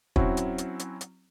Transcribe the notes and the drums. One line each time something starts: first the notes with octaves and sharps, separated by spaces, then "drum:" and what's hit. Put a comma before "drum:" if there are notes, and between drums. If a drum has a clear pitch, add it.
F#3 C4 C#4 E4 F#4, drum: kick
drum: hi-hat
drum: hi-hat
drum: hi-hat
drum: hi-hat